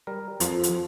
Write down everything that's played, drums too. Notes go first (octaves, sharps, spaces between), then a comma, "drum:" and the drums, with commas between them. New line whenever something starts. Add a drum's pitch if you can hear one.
G3 A#4
F2 F3, drum: hi-hat
drum: hi-hat